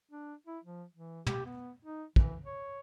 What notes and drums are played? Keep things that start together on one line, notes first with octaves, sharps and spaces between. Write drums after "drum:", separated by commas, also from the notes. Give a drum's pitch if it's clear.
D4
E4
F3
E3
G4, drum: tom
B3
D#4
E3, drum: kick
C#5